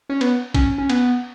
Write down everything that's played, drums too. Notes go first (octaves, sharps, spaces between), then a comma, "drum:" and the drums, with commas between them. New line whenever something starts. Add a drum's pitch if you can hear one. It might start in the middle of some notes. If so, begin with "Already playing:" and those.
C#4
B3, drum: cymbal
C#4, drum: kick, cymbal
C#4
B3, drum: cymbal